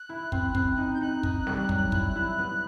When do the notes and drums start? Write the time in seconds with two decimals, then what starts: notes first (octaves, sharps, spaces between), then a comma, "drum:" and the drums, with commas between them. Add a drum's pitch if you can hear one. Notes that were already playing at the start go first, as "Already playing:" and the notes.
Already playing: F#6
0.09 E4
0.32 C4, drum: kick
0.55 C4, drum: kick
0.77 D#4
0.93 G6
1.01 D#4 F#6
1.23 D#4, drum: kick
1.47 G3, drum: snare
1.69 F#3, drum: kick
1.92 E4, drum: kick
2.16 E4
2.38 B3